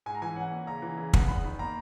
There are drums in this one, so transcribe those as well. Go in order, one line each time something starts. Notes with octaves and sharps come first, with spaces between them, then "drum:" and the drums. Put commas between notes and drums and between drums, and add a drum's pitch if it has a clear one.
G#2 G#5
A#5
E3 G#5
C#4 F#5
A#3
C#3 A#5
E3
C#3
B3, drum: kick
E2 B5
D#3
A#3 A#5